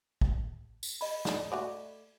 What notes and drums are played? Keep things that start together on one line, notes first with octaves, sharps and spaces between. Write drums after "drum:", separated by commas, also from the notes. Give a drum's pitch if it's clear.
drum: kick
drum: tambourine
D#5 B5, drum: open hi-hat
D3 D#4, drum: snare
A3 F#4 D5